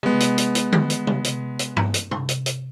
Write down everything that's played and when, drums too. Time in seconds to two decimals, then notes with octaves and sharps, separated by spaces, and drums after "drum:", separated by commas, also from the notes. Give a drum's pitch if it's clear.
0.03 G#3 B3, drum: tom C3
0.20 drum: hi-hat
0.38 drum: hi-hat
0.55 drum: hi-hat
0.72 drum: tom D3
0.90 drum: hi-hat
1.07 drum: tom C3
1.24 drum: hi-hat
1.59 drum: hi-hat
1.77 drum: tom G2
1.94 drum: hi-hat
2.11 drum: tom
2.29 drum: hi-hat
2.46 drum: hi-hat